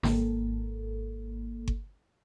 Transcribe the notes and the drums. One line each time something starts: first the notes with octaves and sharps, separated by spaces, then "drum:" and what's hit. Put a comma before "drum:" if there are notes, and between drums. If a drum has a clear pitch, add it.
G#1 A#3 A4, drum: snare
drum: kick G1